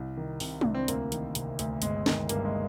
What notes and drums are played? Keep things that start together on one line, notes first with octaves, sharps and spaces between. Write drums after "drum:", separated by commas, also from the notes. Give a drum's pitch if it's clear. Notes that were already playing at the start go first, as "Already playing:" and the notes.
Already playing: C2
D#3
C3, drum: open hi-hat
C2 D4, drum: tom G#3
C4
D2 A#3, drum: hi-hat
D#3, drum: hi-hat
C3, drum: hi-hat
D2, drum: hi-hat
G1 G#3, drum: hi-hat
D#3, drum: snare
G2 A#3, drum: hi-hat
G#3